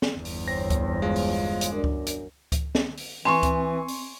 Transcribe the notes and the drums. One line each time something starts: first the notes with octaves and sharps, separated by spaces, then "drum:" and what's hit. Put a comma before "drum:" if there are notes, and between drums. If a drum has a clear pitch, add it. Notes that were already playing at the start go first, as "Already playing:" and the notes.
drum: snare
G1 E2
drum: open hi-hat
C4 C5 C#5 A#6
drum: kick C#2, hi-hat
G#3 F4
drum: open hi-hat
drum: hi-hat
F#2 D4 A#4 D5
drum: kick C#2
drum: hi-hat
drum: kick C#2, hi-hat
drum: snare
drum: open hi-hat
E3 C4 G#5 C6 C#6
drum: kick C#2, hi-hat
drum: open hi-hat